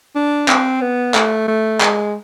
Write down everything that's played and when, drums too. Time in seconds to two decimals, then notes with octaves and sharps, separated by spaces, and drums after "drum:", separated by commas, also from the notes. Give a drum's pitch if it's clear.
0.15 D4
0.48 C4, drum: clap
0.81 B3
1.14 A3, drum: clap
1.48 A3
1.81 G#3, drum: clap